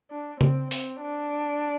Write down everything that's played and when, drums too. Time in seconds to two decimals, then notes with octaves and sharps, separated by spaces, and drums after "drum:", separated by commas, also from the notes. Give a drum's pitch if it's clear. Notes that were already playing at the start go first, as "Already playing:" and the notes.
0.11 D4
0.41 C4, drum: tom C#3
0.71 C4, drum: open hi-hat
1.01 D4